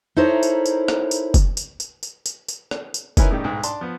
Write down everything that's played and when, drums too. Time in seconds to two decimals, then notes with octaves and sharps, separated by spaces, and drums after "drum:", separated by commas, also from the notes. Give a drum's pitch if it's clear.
0.16 D#4 E4 A4 A#4 C5 C#5
0.43 drum: tambourine
0.66 drum: tambourine
0.88 drum: rim click
1.11 drum: tambourine
1.34 drum: kick, tambourine
1.57 drum: tambourine
1.80 drum: tambourine
2.03 drum: tambourine
2.26 drum: tambourine
2.48 drum: tambourine
2.71 drum: rim click
2.94 drum: tambourine
3.17 C#4 D#4 E4 A#4 B4 G#5, drum: kick, tambourine
3.31 A2 C#3 G3 D#4 G4
3.44 B1 G#2
3.63 D4 A5 C6, drum: tambourine
3.81 F3 B3